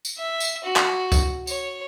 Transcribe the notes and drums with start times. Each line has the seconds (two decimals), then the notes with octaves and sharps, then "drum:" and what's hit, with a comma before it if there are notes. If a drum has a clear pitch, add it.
0.05 drum: tambourine
0.18 E5
0.40 drum: tambourine
0.64 F#4
0.76 drum: clap
1.12 drum: kick C#2, tambourine
1.47 C#5, drum: tambourine